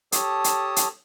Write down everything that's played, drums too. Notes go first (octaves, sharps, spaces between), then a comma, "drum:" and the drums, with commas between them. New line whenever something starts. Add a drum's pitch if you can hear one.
G4 A4 C#5 A5 D#6, drum: hi-hat
drum: hi-hat
drum: hi-hat